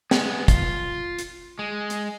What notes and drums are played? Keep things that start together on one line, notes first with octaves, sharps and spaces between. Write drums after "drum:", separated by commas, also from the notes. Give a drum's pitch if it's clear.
G#3 B3, drum: snare
F4, drum: kick, hi-hat
drum: hi-hat
G#3
drum: hi-hat